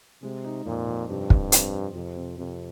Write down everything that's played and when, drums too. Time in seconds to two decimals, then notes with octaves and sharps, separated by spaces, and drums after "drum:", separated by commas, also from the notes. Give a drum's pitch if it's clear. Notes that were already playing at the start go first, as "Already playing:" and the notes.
0.23 C3 G#3
0.44 D#4
0.65 F2 A#2
0.88 F2
1.09 G2 C3
1.30 C3, drum: kick
1.52 C4, drum: hi-hat
1.74 C4
1.95 F2 C3
2.17 C3
2.38 F2 C3